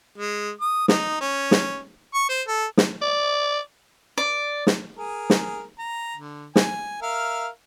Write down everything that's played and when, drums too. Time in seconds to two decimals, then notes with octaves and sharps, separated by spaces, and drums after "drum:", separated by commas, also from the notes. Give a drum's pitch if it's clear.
0.18 G#3
0.61 D#6
0.88 D#4, drum: snare
1.21 C#4
1.51 drum: snare
2.14 C#6
2.29 C5
2.47 A4
2.77 drum: snare
3.01 D5
4.18 D5
4.67 drum: snare
4.97 G#4 A#4
5.30 drum: snare
5.79 A#5
6.16 D3
6.56 G#5, drum: snare
7.02 A#4 E5 F5